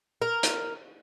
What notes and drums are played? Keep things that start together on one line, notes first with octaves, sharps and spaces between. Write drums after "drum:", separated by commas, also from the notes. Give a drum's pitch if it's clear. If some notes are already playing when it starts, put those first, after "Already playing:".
A#4
drum: hi-hat